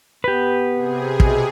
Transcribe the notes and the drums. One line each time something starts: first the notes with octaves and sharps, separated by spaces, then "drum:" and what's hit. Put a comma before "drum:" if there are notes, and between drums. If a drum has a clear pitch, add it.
B3 G4 B4
C3 G#4
B2, drum: kick